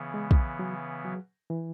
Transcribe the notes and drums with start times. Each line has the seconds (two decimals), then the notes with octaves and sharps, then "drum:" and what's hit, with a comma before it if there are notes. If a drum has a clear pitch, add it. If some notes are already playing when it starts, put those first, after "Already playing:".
Already playing: C#3 E3 B3
0.14 G#3
0.31 drum: kick
0.59 F#3
1.05 F#3
1.50 E3